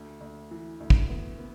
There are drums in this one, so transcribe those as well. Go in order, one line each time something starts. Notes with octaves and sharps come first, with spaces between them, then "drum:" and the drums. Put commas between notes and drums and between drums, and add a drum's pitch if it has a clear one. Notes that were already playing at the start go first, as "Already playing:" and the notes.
Already playing: D2
D2
E3
D2
drum: kick
B3
B3